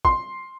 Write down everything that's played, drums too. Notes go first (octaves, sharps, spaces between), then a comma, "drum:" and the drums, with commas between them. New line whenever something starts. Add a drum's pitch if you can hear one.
C6, drum: kick